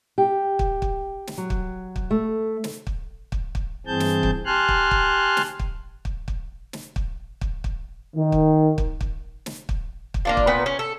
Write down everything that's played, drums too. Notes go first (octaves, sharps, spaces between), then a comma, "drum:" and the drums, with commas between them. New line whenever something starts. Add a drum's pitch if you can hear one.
G4
drum: kick
drum: kick
drum: snare
F#3
drum: kick
drum: kick
A3
drum: snare
drum: kick
drum: kick
drum: kick
G2 E3 C4 G#4 A5 G6
drum: snare
drum: kick
G4 G#5 A5 C6 F6 F#6
drum: kick
drum: kick
drum: snare
drum: kick
drum: kick
drum: kick
drum: snare
drum: kick
drum: kick
drum: kick
D#3
drum: kick
drum: kick
drum: kick
drum: snare
drum: kick
drum: kick
A#3 D4 F4
drum: kick
A#2 B3 B4
C#4
A4